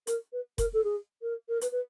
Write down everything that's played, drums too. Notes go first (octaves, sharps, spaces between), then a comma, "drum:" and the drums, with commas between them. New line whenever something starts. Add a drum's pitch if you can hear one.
A#4, drum: hi-hat
B4
A#4, drum: kick F1, hi-hat
A4
G#4
A#4
A#4
B4, drum: hi-hat
B4